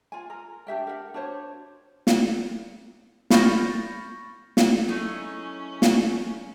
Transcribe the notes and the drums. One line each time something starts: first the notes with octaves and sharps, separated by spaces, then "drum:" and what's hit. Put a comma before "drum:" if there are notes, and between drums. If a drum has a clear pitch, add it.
F4 G#5
A#4
D4 G4 E5 G5
A#4 F#5
D4 F#4 C5 C#5
drum: snare
B5 C#6 F6 G6 A6 A#6, drum: snare
drum: snare
F#3 A3 C#4 D#4 E4 G#4
drum: snare